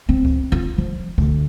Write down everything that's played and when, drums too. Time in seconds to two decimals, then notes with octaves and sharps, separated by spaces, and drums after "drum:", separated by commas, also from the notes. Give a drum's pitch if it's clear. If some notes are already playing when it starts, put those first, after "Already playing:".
0.09 C4
0.25 drum: kick C#2
0.52 F4
0.78 F3
1.18 D2, drum: kick C#2